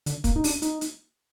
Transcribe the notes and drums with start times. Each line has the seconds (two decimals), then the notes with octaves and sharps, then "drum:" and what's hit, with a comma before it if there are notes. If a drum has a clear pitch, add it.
0.06 D3, drum: hi-hat
0.24 A#3, drum: kick, hi-hat
0.36 D#4
0.44 D4, drum: open hi-hat
0.62 D#4, drum: hi-hat
0.81 drum: hi-hat